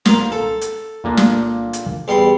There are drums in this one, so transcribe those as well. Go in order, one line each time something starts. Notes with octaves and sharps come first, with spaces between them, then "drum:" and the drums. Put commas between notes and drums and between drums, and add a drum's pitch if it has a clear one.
A#3 F4, drum: snare
A4
drum: hi-hat
A#2 A#3 D4
drum: snare
drum: hi-hat
E2 G3 C6